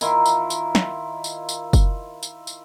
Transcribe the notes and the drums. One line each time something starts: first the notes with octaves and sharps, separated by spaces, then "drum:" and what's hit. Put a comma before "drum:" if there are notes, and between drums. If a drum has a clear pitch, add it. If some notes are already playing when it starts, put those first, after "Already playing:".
D#3 E4 F4, drum: tambourine
drum: tambourine
drum: tambourine
drum: snare
drum: tambourine
drum: tambourine
drum: kick F#1, tambourine
drum: tambourine
drum: tambourine